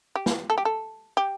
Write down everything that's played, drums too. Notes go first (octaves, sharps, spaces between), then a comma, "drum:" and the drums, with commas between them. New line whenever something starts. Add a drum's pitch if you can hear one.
G4
drum: snare
A4
G4
A4
G4